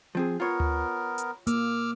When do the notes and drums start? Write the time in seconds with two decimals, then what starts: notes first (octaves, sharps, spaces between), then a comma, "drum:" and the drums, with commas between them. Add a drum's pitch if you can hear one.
0.15 F3 C4 G#4
0.40 B3 F4 A#4 C#5
0.60 drum: tom D2
1.18 drum: hi-hat
1.47 A#3 D6 E6 F6, drum: hi-hat